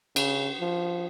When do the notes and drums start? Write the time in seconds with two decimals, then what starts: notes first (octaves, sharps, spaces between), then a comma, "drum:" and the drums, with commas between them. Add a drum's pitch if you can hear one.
0.16 C#3, drum: cymbal
0.61 F3